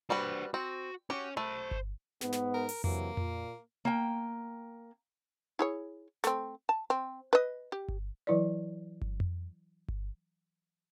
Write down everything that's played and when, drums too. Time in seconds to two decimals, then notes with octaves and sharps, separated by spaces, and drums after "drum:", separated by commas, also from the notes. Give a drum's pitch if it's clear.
0.10 G3 D4 F#4 B4 C5
0.54 C4 F#4
1.10 C#4 F#4 G4 C#5
1.37 A3 C5 B5
1.71 drum: kick G1
2.21 G#2 B3, drum: snare
2.33 drum: snare
2.54 A#4
2.69 drum: open hi-hat
2.84 C3 E3 F#3 A#3, drum: tom F2
3.17 A#2, drum: tom F2
3.85 A#3 G5
5.59 E4 G#4 C#5
6.24 A3 C4, drum: snare
6.69 A5
6.90 C4
7.33 B4 D#5
7.72 G4
7.89 drum: kick G1
8.27 E3 F#3 E4 B4 D5
9.02 drum: kick G1
9.20 drum: tom F2
9.89 drum: kick G1